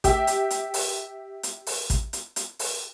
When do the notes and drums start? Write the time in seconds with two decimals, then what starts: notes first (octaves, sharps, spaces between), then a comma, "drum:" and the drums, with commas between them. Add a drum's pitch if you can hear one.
0.04 G4 E5 G5, drum: kick, hi-hat
0.27 drum: hi-hat
0.50 drum: hi-hat
0.74 drum: open hi-hat
1.43 drum: hi-hat
1.67 drum: open hi-hat
1.90 drum: kick, hi-hat
2.13 drum: hi-hat
2.36 drum: hi-hat
2.59 drum: open hi-hat